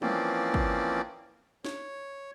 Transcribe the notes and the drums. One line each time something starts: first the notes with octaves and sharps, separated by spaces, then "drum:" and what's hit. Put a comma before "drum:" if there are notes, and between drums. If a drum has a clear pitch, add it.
E3 F3 A#3 C4 C#4 D5, drum: tom G3
drum: kick
C#5, drum: snare